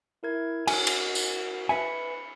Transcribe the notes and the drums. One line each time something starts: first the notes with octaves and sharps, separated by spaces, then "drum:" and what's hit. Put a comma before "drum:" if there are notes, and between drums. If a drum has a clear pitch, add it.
E4 A#4 G#6
F#4 G#5, drum: cymbal
drum: cymbal
drum: tambourine
B4 E5 G#5 B5 C#7